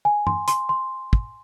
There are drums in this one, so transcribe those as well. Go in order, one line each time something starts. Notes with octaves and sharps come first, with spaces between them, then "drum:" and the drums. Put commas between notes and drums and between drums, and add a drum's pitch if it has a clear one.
G#5
C6, drum: tom G2
C6, drum: hi-hat
C6
drum: kick